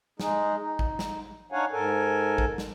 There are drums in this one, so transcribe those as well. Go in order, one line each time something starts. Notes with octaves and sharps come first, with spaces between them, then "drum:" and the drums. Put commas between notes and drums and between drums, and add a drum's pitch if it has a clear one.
G#3 D#4 G#4, drum: snare
D#4
drum: kick A1
drum: snare
D4 D#4 C#5 F5 F#5 G#5
G#2 A4 A#4 G#5
drum: kick A1
drum: snare